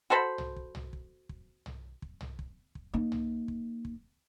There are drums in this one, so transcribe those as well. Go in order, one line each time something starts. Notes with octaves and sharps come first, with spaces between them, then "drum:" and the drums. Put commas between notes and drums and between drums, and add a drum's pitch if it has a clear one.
F#4 A4 C5 B5
drum: tom
drum: kick
drum: tom
drum: kick
drum: kick
drum: tom
drum: kick
drum: tom
drum: kick
drum: kick
A#3 D#4
drum: tom
drum: kick
drum: kick